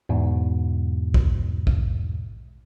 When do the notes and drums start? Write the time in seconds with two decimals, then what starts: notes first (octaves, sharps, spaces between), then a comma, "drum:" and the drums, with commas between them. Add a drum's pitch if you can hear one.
0.09 E2 G#2 B2
1.14 drum: kick A#1
1.67 drum: kick A#1